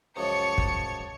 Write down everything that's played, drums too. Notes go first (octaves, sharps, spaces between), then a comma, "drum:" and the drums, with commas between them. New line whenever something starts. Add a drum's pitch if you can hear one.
C#2 F#2 F3 C#5 A5 C#7
drum: kick